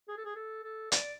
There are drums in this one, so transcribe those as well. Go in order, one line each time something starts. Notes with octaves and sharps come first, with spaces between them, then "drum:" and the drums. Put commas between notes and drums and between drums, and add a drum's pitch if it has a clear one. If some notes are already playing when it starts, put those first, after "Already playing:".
G#4
A4
G#4
A4
A4
D5, drum: hi-hat